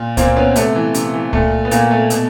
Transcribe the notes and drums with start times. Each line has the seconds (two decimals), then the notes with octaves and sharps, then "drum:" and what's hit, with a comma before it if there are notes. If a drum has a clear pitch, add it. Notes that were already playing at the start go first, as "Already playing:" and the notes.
Already playing: A#2
0.17 A#2 A#3 C4, drum: kick C#2, hi-hat
0.37 B3 C#4
0.56 C3 A3 B3, drum: hi-hat
0.75 E3
0.94 C3, drum: hi-hat
1.14 E3
1.33 A#2 A3, drum: kick C#2
1.65 B3
1.71 A#2 A#3, drum: hi-hat
1.91 A3
2.10 B2, drum: hi-hat